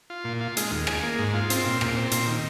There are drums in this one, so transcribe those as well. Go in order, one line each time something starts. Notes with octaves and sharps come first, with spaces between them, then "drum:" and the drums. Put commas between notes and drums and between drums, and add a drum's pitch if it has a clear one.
F4
A#2
F4
G#3, drum: hi-hat
D#2
G#4, drum: rim click
A#3
G#2
F4
C4, drum: hi-hat
A#2
A#2, drum: rim click
C4
A#2, drum: hi-hat
D#3